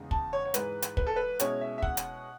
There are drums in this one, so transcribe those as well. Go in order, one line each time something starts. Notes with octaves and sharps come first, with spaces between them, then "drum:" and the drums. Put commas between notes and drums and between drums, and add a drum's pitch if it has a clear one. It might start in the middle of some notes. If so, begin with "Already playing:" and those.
Already playing: E2 C#3 G#3 D#4
A5, drum: kick
C#5
C#5
G#2 E3 G#3 D#4 B4, drum: hi-hat
drum: hi-hat
B4, drum: kick
A4
B4
B2 G#3 C#4 E4 C#5, drum: hi-hat
E5
E5
F#5, drum: kick
drum: hi-hat